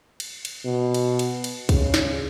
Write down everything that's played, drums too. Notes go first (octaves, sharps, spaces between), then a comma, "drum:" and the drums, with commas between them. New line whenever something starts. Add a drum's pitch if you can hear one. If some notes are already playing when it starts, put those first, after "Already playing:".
drum: cymbal
drum: cymbal
B2
drum: cymbal
drum: cymbal
drum: cymbal
C#3, drum: kick B1, cymbal
drum: snare